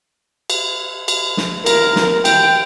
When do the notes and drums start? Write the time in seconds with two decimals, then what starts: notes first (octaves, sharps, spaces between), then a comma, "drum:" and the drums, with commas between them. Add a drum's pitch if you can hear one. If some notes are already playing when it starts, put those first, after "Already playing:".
0.50 drum: cymbal
1.08 drum: cymbal
1.37 drum: snare
1.66 A#4, drum: cymbal
1.96 drum: snare
2.25 G5, drum: cymbal